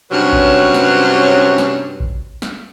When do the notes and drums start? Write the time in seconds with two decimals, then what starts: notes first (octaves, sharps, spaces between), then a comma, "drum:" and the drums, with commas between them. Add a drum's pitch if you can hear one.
0.12 G2 C3 F#3 C#4 B4 C#5
0.33 drum: kick G#1
0.74 drum: snare
1.58 drum: snare
2.00 drum: kick G#1
2.42 drum: snare